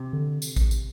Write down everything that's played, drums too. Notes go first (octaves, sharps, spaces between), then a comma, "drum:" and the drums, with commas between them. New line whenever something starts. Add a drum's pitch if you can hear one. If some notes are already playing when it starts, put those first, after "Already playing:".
Already playing: C3
D3
drum: tambourine
drum: kick A1, tambourine
drum: tambourine